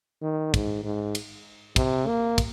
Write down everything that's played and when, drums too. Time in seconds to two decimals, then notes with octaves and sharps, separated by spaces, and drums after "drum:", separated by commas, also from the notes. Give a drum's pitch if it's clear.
0.22 D#3
0.54 G#2, drum: kick, cymbal
0.84 G#2
1.15 drum: cymbal
1.76 C3, drum: kick, cymbal
2.07 A#3
2.38 drum: kick, cymbal